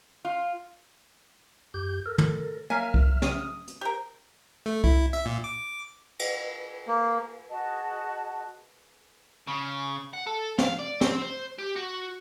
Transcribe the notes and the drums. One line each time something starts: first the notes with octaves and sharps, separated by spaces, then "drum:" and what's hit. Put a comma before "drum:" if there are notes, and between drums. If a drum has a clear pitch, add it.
F4
F#2 G4 G6
A4 A#4
drum: tom
F#3 A#3 A#4 E5 F5 G#5 F6
drum: kick C2
C#3 D#6, drum: snare
drum: hi-hat
G4 A#4 C5
A3
E4, drum: kick C2
E5, drum: hi-hat
A#2
D6
drum: cymbal
A#3
F#4 G#4 D#5 A5
C#3
F#5
A4
F5, drum: snare
D5
C4, drum: snare
C5
G4
F#4